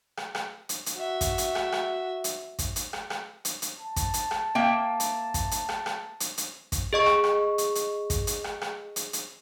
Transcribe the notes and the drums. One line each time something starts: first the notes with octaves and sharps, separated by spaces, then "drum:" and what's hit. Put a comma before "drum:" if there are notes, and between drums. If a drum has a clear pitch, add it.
drum: rim click
drum: rim click
drum: hi-hat
drum: hi-hat
F#4 E5
drum: kick, hi-hat
drum: hi-hat
drum: rim click
drum: rim click
drum: hi-hat
drum: kick, hi-hat
drum: hi-hat
drum: rim click
drum: rim click
drum: hi-hat
drum: hi-hat
A5
drum: kick, hi-hat
drum: hi-hat
drum: rim click
A#3 E5 G5
drum: hi-hat
drum: kick, hi-hat
drum: hi-hat
drum: rim click
drum: rim click
drum: hi-hat
drum: hi-hat
drum: kick, hi-hat
G#4 D#5 C#6
drum: rim click
drum: rim click
drum: hi-hat
drum: hi-hat
drum: kick, hi-hat
drum: hi-hat
drum: rim click
drum: rim click
drum: hi-hat
drum: hi-hat